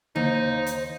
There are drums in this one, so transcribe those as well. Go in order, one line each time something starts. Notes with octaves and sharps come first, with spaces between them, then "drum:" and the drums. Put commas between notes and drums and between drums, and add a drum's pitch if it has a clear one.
D#2 D#4 C5, drum: tom C#3
drum: hi-hat